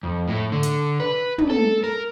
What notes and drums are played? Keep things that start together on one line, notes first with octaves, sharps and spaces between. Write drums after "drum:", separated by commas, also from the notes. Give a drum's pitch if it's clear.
F2
A2
D3
drum: hi-hat
B4
drum: tom
A4
A#4